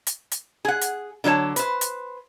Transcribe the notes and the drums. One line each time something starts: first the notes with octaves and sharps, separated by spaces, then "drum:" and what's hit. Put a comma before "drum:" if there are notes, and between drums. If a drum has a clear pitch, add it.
drum: hi-hat
drum: hi-hat
G#4 F#5
drum: hi-hat
D3 F#3 G3 C#5 A5
B4 C5, drum: hi-hat
drum: hi-hat